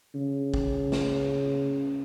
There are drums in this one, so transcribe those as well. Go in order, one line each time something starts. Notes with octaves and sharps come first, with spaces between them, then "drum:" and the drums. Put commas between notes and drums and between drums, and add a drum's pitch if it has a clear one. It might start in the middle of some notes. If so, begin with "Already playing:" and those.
C#3
drum: kick
drum: snare